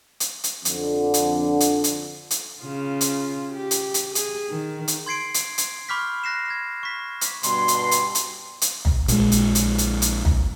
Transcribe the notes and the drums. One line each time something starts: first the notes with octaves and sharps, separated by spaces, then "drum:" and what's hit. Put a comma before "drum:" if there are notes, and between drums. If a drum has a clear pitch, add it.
drum: hi-hat
drum: hi-hat
F2 D3, drum: hi-hat
drum: hi-hat
drum: hi-hat
drum: hi-hat
drum: hi-hat
C#3 F4
drum: hi-hat
G4
drum: hi-hat
drum: hi-hat
G#4, drum: hi-hat
D#3
drum: hi-hat
C6 G#6 C7 D7
drum: hi-hat
drum: hi-hat
B5 C#6 D6 F6 G6 B6
F#6 A#6 C7 E7
G#6
C#6 B6
drum: hi-hat
G2 B2 C6, drum: hi-hat
drum: hi-hat
drum: hi-hat
drum: hi-hat
drum: hi-hat
drum: tom
A#1 G#3, drum: hi-hat
drum: hi-hat
drum: hi-hat
drum: hi-hat
drum: hi-hat
drum: tom